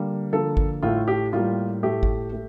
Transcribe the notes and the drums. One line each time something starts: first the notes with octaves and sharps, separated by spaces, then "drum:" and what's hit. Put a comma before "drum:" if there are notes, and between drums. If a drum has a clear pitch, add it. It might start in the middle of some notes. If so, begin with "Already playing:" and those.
Already playing: D3 G3 A#3
D3 F3 A#3 A4
drum: kick G#1
A2 A3 F4
G4
A2 G3 A#3 F4
A2 A3 G4
drum: kick G#1
A3